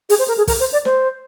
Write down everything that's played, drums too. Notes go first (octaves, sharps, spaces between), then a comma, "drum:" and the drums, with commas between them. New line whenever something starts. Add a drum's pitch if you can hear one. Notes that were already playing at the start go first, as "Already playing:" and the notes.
G#4, drum: open hi-hat
C5
A#4
G#4
A#4, drum: kick, open hi-hat
C5
D5
C5, drum: snare